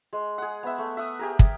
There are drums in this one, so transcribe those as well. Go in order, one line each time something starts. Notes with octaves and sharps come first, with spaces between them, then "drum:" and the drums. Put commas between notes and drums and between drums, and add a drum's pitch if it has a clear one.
G#3
G#4 F#5
B3 E5
A3
E5 F#5 D#6
G4 G#4 A#4
drum: kick